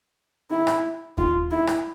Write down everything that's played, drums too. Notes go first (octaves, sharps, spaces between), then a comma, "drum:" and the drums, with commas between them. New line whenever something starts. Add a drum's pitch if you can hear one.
E4
drum: rim click
F4, drum: kick D#2
E4
drum: rim click